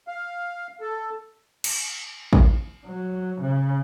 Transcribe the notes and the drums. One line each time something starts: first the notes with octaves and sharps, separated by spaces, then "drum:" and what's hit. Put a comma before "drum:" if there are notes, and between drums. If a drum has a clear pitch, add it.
F5
A4
drum: cymbal
drum: kick
F#3
C#3